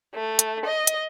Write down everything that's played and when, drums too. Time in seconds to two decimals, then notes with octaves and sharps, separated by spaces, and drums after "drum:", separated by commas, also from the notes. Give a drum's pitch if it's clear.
0.15 A3
0.39 drum: hi-hat
0.66 D#5
0.87 drum: hi-hat